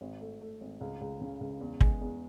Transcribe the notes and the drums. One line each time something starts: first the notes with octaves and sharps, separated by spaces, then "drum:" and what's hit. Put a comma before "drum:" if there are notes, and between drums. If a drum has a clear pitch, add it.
G#1
A3
A3
G#1
C#2
C#2
C#3
C#2
E2
G#3, drum: kick
E2